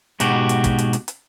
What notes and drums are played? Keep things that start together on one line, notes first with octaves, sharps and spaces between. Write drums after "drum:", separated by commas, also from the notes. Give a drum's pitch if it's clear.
G#2 B2 F#4 G4, drum: hi-hat
drum: hi-hat
drum: kick, hi-hat
drum: hi-hat
drum: hi-hat
drum: hi-hat